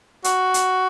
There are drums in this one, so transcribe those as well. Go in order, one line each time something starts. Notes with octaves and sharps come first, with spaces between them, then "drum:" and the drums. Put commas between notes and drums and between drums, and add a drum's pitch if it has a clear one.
F#4, drum: hi-hat
drum: hi-hat